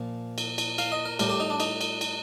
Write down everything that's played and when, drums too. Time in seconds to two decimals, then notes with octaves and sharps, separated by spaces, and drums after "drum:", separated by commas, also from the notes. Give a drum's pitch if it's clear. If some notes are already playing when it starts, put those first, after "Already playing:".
Already playing: A#2 F3
0.38 drum: cymbal
0.58 drum: cymbal
0.78 F5, drum: cymbal
0.92 D#5
1.05 A#4
1.19 A2 G3 A#4, drum: cymbal
1.29 G4
1.40 D#4
1.50 D4
1.60 D#4, drum: cymbal
1.81 drum: cymbal
2.01 drum: cymbal